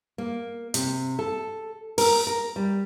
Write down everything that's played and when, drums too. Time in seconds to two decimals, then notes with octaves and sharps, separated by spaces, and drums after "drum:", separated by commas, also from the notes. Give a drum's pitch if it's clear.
0.18 A#3
0.74 C3, drum: hi-hat
1.19 A4
1.98 A#4, drum: open hi-hat
2.27 A#4
2.56 G3